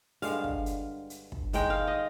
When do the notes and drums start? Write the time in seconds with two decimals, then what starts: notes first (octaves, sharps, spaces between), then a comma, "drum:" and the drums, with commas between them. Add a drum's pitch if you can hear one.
0.22 G2 D3 G#3 F5, drum: open hi-hat
0.44 drum: kick
0.66 drum: hi-hat
1.10 drum: hi-hat
1.32 drum: kick
1.53 D#3 G#3 D#4 G5, drum: kick, hi-hat
1.70 F5
1.87 D#5